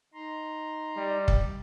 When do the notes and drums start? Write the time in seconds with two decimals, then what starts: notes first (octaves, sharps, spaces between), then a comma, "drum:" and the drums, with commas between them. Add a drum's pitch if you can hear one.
0.14 D#4 A#5 C6
0.97 G3
1.28 drum: kick